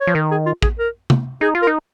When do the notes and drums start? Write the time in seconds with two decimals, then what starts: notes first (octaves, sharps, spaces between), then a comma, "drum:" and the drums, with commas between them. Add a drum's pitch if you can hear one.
0.01 C#5
0.07 F3
0.15 D#3 A#4
0.31 G#4
0.46 F4
0.62 G#4, drum: kick
0.79 A#4
1.10 drum: tom C3
1.41 D#4 G#4
1.55 F4
1.62 A#4
1.67 D#4